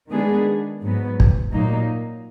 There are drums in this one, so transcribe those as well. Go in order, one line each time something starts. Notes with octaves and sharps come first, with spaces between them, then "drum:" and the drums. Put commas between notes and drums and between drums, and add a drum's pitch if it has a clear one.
D#3 G#3 B3 D4 G#4
G#2 F#3 B3
drum: kick
A#2 F#3 A#3 D#4